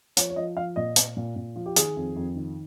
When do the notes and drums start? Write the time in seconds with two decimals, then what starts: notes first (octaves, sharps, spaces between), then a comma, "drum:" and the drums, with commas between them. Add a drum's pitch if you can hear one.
0.17 F3 C#5, drum: hi-hat
0.30 C#5
0.36 F3 D#5
0.56 F3 F5
0.76 A#2 D#5
0.96 A#2, drum: hi-hat
1.17 A#2
1.36 A#2
1.56 F3
1.66 G4
1.76 D#3 G#4, drum: hi-hat
1.96 F2
2.16 F2
2.35 D#3